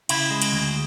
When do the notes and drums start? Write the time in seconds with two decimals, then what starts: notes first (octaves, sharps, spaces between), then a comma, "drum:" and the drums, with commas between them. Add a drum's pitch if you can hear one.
0.09 C#3 E4, drum: cymbal
0.30 G#3
0.42 drum: cymbal
0.52 D2